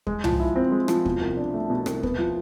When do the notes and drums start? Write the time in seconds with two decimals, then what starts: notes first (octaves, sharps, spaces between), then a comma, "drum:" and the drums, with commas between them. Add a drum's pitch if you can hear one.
0.07 G#3, drum: kick
0.24 F3, drum: tom C2
0.40 E4
0.56 C4
0.72 G#3
0.88 F3, drum: rim click
1.06 B2, drum: kick
1.21 C2
1.37 D4
1.54 A3
1.70 B2
1.86 C2, drum: rim click
2.03 B3, drum: kick
2.18 F3